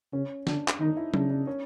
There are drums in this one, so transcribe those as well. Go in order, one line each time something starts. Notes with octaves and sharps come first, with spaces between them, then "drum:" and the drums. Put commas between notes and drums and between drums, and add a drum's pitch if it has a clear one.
C#3 C#4
D3 D4, drum: snare
drum: clap
D#3 D#4
E4
C#3 D4, drum: tom F#3
D4
C#4